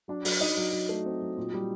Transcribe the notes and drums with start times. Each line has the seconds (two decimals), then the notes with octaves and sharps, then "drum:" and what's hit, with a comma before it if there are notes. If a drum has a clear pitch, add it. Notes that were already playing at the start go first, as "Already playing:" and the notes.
0.08 F#3 D4
0.25 F#3, drum: open hi-hat
0.40 F#3 D#4
0.57 F#3
0.72 F#3
0.89 A3
1.06 C4
1.22 F#3
1.37 A#2
1.54 G3